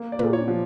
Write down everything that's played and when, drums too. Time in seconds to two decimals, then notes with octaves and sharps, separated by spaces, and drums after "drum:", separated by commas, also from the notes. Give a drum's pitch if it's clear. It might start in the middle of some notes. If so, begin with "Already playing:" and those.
Already playing: A#3
0.12 D5
0.19 A#2, drum: tom
0.33 C#5
0.48 F3